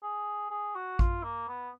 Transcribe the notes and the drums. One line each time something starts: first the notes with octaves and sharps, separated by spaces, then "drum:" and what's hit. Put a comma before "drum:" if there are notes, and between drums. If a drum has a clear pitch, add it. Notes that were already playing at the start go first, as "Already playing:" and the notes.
G#4
G#4
F#4
F4, drum: kick A1
A#3
B3